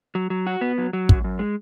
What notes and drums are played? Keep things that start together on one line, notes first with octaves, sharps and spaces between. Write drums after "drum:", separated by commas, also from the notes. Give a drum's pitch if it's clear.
F#3
F#3
F#4
B3
F#3
F#3
F#2, drum: kick
F#2
G#3